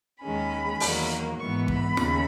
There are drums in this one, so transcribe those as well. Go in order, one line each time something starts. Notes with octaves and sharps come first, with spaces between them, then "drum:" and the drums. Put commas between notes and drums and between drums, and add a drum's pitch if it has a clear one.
D#2 D#3 G#3 C#4 B5
E2 D#3 F#3 A#3, drum: open hi-hat
G#2 E3 B3 C#6
B5, drum: kick
D#2 C#3, drum: snare